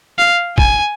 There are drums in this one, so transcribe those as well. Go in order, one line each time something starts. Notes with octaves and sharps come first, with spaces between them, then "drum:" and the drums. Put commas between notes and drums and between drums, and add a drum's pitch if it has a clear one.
F5
G#5, drum: kick A1